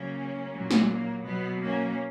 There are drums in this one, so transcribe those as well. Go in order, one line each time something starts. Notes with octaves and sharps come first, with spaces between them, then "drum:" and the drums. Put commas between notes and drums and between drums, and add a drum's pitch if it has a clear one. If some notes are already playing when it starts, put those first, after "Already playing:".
Already playing: C#3 F#3 A#3 C#4
A#2 F#3
drum: snare
A#3
B2 F#3 B3
A#3 C#4